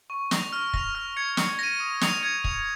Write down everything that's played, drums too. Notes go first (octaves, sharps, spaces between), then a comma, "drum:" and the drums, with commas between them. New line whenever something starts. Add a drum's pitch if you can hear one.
C#6
A#6 F7, drum: snare
F6
A#6 F7, drum: kick
F6
G#6 C#7
C#6, drum: snare
A#6 D#7
D#6
C#7 F7, drum: snare
G#6
F7, drum: kick